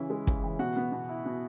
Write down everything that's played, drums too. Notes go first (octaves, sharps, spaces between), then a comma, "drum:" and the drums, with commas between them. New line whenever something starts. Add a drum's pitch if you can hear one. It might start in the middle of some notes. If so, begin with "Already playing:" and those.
Already playing: C#3 E3 C#4 E4
G#3
C#3, drum: kick
E3
B2 F#4 F#5
B3
B2
E4
B2